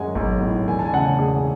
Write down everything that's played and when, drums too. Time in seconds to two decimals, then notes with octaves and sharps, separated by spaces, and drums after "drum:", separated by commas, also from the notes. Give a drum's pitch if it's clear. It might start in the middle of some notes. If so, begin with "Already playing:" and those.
Already playing: F#2 G#3 C#4 F#5 G#5
0.15 B1, drum: kick G#1
0.41 A2
0.68 E1 G#5
0.79 A5
0.85 G#5
0.93 C#3 F#5
1.19 E1 G#4